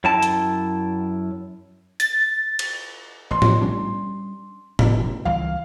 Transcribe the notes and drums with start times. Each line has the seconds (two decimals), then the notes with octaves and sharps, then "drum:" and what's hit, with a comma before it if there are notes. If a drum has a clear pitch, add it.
0.04 F#2 E4 G5 A5
0.23 drum: hi-hat
2.00 A6, drum: hi-hat
2.59 drum: cymbal
3.31 A1 C6
3.42 drum: tom A2
3.61 G3 C#4 D4
4.79 F#1 A2, drum: tom A2
5.25 C#2 E3 G3 F5